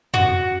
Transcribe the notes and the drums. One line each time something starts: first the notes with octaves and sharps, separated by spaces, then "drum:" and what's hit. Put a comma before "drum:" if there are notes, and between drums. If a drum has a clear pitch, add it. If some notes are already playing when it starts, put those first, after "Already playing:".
F#4, drum: tom F2